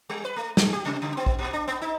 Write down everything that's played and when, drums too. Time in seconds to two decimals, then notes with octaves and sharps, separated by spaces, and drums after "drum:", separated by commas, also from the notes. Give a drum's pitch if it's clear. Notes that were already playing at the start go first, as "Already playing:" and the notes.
0.09 G3
0.25 B4
0.36 A3
0.57 G3, drum: snare
0.73 G4
0.85 C3
1.02 C#3
1.17 B3
1.26 drum: kick
1.39 A#2
1.53 D4
1.67 B3
1.82 D#4